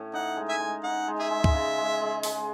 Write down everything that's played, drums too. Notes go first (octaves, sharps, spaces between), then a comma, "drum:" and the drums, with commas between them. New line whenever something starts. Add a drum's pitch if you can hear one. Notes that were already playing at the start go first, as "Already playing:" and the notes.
Already playing: A2 C#4
D#4 F#5
G#3
E5 G#5
G#3
D#4 F#5
G#3
G#4 E5
G#3
drum: kick
C#3
G#3
G#3
G#3, drum: open hi-hat